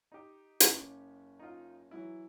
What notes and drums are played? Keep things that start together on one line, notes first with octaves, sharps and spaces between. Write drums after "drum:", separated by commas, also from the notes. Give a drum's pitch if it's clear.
D#4 G4
F#1 C#4, drum: hi-hat
D#4 F4
E3 F#3 E4